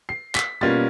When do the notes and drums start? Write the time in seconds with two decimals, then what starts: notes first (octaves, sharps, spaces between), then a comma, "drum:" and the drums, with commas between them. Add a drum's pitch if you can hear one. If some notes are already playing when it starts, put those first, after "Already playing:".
0.09 C7
0.35 B6, drum: clap
0.61 B2 G3 A#3 C#4 F4 A6